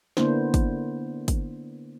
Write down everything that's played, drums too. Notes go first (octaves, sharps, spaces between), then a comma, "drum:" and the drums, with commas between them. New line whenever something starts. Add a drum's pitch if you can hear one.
D3 A#3 B3 D4 E4 C5, drum: snare
drum: kick, hi-hat
drum: kick, hi-hat